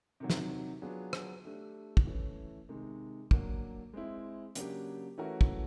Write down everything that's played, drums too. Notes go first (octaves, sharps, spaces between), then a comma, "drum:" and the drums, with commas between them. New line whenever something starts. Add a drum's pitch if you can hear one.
C3 D#3 F#3
drum: snare
F#3 B3 D4 F4 G#4
drum: rim click
A3 D4 G4
drum: kick
E3 A3 C#4 E4
C3 D#3 G#3
F#3 A#3 D4, drum: kick
G#3 C4 E4
C#3 F#3 A#3 D4 G4, drum: hi-hat
E3 A3 C#4 F#4 A#4
drum: kick